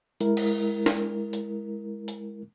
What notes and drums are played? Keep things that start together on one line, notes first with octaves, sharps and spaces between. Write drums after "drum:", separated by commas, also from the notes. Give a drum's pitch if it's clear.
G#3 E4 A#4, drum: hi-hat
drum: cymbal
drum: snare
drum: hi-hat
drum: hi-hat